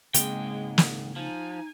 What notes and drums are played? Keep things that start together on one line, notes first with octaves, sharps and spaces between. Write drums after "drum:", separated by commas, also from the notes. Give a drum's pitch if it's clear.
G#2 C#3 G#3 A#3 C4 G5, drum: hi-hat
drum: snare
F3 D#4 G#5